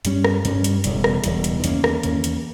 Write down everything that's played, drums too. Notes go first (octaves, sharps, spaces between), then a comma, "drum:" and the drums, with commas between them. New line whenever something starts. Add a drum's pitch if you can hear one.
G2 G3 C#4, drum: hi-hat
drum: rim click
G2 G3 C#4, drum: hi-hat
drum: hi-hat
E1 E2 C#3 G3, drum: hi-hat
drum: rim click
E1 E2 C#3 G3, drum: hi-hat
drum: hi-hat
E2 D#3 A#3 C#4, drum: hi-hat
drum: rim click
E2 D#3 A#3 C#4, drum: hi-hat
drum: hi-hat